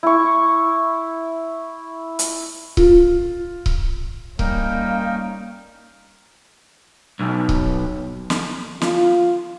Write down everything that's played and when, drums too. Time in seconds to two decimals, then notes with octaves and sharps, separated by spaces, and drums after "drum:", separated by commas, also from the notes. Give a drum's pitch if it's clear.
0.03 E4 C#6
2.19 drum: hi-hat
2.77 F4, drum: kick C#1
3.66 drum: kick C#1
4.39 G3 A#3 C#4 D#4 A#4 F5 G5, drum: kick C#1
7.20 B1
7.49 drum: kick C#1
8.30 drum: snare
8.81 F4, drum: snare